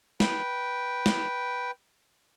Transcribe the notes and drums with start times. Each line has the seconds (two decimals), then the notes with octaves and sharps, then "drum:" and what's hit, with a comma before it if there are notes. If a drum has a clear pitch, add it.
0.20 B4 G5, drum: snare
1.06 drum: snare